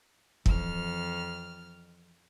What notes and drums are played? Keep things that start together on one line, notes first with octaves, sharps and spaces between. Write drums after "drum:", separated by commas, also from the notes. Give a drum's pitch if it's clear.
F2 E3 F3 F6, drum: kick